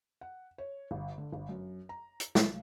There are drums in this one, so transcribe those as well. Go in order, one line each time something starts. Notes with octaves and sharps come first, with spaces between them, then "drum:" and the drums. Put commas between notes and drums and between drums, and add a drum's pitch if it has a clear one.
F#5
C#5
G1
D3
G1
F#2
A#5
drum: hi-hat
B1, drum: snare